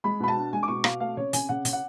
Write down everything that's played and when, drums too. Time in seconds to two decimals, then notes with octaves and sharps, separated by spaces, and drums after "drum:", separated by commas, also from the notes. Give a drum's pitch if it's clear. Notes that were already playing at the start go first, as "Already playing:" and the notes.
0.04 G#3 B5
0.20 B2 B5
0.28 A5
0.36 D4
0.53 G#3 G#5
0.63 D6
0.68 B2 C#6
0.84 B2 F5, drum: rim click
1.00 A3 F5
1.17 C#3 C#5
1.33 C#3 G#5, drum: hi-hat
1.49 C#3 F#5
1.65 C#3, drum: hi-hat
1.73 F#5